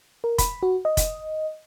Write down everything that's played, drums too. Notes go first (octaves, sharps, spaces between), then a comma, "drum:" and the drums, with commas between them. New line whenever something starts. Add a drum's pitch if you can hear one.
A#4
B5, drum: kick F1, hi-hat
F#4
D#5
drum: kick F1, hi-hat